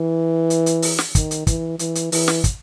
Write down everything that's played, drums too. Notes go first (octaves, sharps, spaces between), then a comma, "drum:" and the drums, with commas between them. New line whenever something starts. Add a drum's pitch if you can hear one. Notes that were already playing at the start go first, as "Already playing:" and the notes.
Already playing: E3
drum: hi-hat
drum: hi-hat
drum: open hi-hat
drum: snare
D#3, drum: kick, hi-hat
drum: hi-hat
E3, drum: kick, hi-hat
E3, drum: hi-hat
drum: hi-hat
E3, drum: open hi-hat
drum: snare
drum: kick, hi-hat